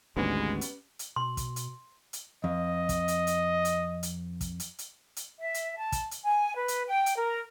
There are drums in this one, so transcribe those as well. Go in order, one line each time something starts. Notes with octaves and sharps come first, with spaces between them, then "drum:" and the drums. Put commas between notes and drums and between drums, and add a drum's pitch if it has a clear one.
G#1 D2 G#2 G3 G#3 B3 C#4
drum: hi-hat
drum: hi-hat
B2 C6
drum: kick, hi-hat
drum: hi-hat
drum: hi-hat
F2 D#5
drum: kick, hi-hat
drum: hi-hat
drum: hi-hat
drum: hi-hat
drum: hi-hat
drum: kick, hi-hat
drum: hi-hat
drum: hi-hat
drum: hi-hat
E5
drum: hi-hat
A5
drum: kick, hi-hat
drum: hi-hat
G#5
B4
drum: hi-hat
G5
drum: hi-hat
A#4